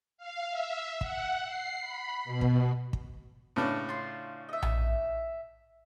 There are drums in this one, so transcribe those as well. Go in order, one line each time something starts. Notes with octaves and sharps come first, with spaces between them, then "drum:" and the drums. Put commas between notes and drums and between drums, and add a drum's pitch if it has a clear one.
F5
E5
F#5, drum: kick
C7
B5
B2
drum: kick
drum: kick
A2 C#3 D4 B4
F4 C6
D#5 E5
drum: tom A#1